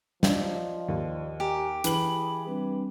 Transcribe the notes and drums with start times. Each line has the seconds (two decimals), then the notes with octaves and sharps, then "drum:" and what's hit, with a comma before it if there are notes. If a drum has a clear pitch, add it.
0.23 F3 D5 D#5, drum: snare
0.88 D#2
1.40 G4 G#5 A#5
1.84 E3 G#4 A5 B5 F#7, drum: hi-hat
2.46 G3 C4 D4 B4